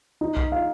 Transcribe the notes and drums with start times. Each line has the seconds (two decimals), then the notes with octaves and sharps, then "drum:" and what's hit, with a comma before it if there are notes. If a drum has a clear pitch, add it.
0.21 D#4
0.37 drum: kick B1
0.52 F5